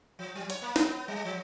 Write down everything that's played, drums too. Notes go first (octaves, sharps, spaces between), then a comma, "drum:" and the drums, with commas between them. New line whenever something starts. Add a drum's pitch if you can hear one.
F3
F#3
C#5, drum: hi-hat
A#3
B3, drum: snare
B3
G3
F3